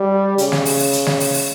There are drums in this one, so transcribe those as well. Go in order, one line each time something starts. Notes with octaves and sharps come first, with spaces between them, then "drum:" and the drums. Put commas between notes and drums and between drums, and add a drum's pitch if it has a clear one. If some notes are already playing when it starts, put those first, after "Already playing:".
Already playing: G3
C#3, drum: hi-hat
drum: snare
drum: open hi-hat
drum: open hi-hat
drum: hi-hat
drum: snare
drum: open hi-hat
drum: open hi-hat